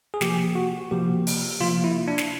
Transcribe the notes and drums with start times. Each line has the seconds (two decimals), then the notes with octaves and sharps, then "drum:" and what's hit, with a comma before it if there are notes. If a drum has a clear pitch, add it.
0.14 G#4
0.21 C3 F3 A#3 G4, drum: snare
0.55 F#4
0.91 C3 F3 A#3 G4
1.27 drum: open hi-hat
1.60 C3 F3 A#3 F4
1.84 E4
2.08 D4
2.18 drum: snare